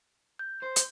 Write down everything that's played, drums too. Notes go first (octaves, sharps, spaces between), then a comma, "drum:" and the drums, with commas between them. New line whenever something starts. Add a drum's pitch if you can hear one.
G6
C5
drum: hi-hat